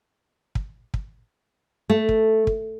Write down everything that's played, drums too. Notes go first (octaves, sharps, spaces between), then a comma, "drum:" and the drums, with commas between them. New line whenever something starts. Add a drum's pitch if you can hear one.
drum: kick
drum: kick
A3
drum: kick
drum: kick